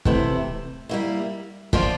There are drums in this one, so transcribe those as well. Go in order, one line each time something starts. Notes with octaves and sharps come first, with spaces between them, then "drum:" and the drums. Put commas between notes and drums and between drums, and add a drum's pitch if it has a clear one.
C3 E3 A3 E4, drum: kick
G3 A#3 E4
F3 A#3 D4 F4, drum: kick